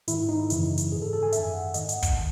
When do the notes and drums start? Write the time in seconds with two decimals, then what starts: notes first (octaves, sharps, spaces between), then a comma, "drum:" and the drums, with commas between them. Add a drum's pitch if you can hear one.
0.08 G#2 D#3 E4, drum: hi-hat
0.29 D#4
0.50 F#2 C#3 E3 E4, drum: hi-hat
0.78 drum: hi-hat
0.92 G#2 D#3 G#4
1.02 A4
1.13 A4
1.23 G#5
1.32 F#2 D#3 E5, drum: hi-hat
1.54 F#5
1.74 G#2 D#3 D#5, drum: hi-hat
1.89 F#5, drum: hi-hat
2.03 drum: kick, hi-hat
2.16 A5